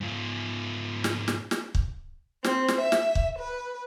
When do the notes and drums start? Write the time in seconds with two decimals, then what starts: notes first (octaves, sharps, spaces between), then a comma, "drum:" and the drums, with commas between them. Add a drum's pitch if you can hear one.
0.01 G#2 F4
1.04 drum: snare
1.28 drum: snare
1.51 drum: snare
1.75 drum: kick
2.44 C4, drum: snare
2.68 drum: snare
2.81 E5
2.92 drum: snare
3.15 drum: kick
3.39 B4